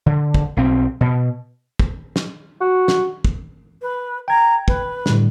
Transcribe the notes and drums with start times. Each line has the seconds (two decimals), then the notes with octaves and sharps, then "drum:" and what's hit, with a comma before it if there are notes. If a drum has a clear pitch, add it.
0.06 D3
0.34 drum: kick
0.57 B1 C4
1.01 B2
1.79 drum: kick
2.16 drum: snare
2.61 F#4
2.88 drum: snare
3.25 drum: kick
3.82 B4
4.28 G5 A#5 G#6
4.68 B4, drum: kick
5.06 A2 D3 G3, drum: snare